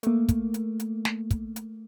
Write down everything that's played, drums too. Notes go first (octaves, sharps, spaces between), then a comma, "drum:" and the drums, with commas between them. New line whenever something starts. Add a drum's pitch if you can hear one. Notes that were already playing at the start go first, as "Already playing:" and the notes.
A3 A#3, drum: hi-hat
drum: kick, hi-hat
drum: hi-hat
drum: hi-hat
drum: snare
drum: kick, hi-hat
drum: hi-hat